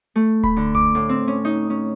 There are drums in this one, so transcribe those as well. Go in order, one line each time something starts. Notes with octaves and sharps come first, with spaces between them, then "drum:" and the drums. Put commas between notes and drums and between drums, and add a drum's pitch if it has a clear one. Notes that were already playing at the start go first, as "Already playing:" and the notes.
A3
B5, drum: kick D1
D3
D6, drum: tom C2
A2
C4
C#4
D#4
C#4